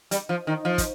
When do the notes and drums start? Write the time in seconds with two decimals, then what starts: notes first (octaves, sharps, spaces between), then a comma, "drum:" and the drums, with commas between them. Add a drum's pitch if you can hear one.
0.11 G3, drum: hi-hat
0.29 F3
0.47 D#3
0.65 F3
0.78 drum: kick, hi-hat